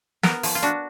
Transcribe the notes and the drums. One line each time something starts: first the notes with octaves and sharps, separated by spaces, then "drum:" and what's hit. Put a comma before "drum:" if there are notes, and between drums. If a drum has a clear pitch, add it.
B3 A#4, drum: snare
F3, drum: open hi-hat
F4
D4 F#4